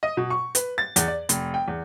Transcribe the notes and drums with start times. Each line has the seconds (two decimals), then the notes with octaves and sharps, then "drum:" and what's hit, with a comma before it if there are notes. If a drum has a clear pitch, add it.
0.03 D#5
0.17 B2
0.30 C#6
0.55 B4, drum: hi-hat
0.78 A6
0.96 E2, drum: hi-hat
1.08 D5
1.29 F1, drum: hi-hat
1.54 G5
1.68 E2